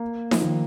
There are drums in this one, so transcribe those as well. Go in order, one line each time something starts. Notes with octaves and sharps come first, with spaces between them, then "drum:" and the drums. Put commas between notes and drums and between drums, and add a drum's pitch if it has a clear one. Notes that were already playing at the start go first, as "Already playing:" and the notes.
Already playing: A#3
F3, drum: snare D#4
D#3